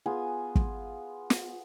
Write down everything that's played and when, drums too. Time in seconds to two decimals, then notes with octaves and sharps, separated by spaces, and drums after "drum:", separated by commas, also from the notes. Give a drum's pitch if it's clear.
0.06 B3 F4 G#4 G#5
0.55 drum: kick
1.30 drum: snare